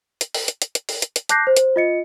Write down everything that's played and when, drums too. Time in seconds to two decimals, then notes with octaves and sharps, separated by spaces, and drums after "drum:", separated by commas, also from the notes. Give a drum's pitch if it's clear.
0.21 drum: hi-hat
0.34 drum: open hi-hat
0.48 drum: hi-hat
0.62 drum: hi-hat
0.75 drum: hi-hat
0.89 drum: open hi-hat
1.02 drum: hi-hat
1.16 drum: hi-hat
1.29 A5 D6 F#6 G6 A#6 C7, drum: hi-hat
1.47 C5
1.56 drum: hi-hat
1.76 F4 D#5 C#7